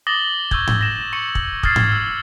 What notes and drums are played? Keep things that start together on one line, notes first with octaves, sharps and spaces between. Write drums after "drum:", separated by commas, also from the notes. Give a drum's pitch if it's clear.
D6 D#6 A6 A#6 F#7 G7
C#6 E6 G6 G#6, drum: kick
drum: tom G#2
A#6 E7
C#6 C#7 F#7
drum: kick
D#6 F6 G#6 A6 C7, drum: kick
drum: tom G#2
E6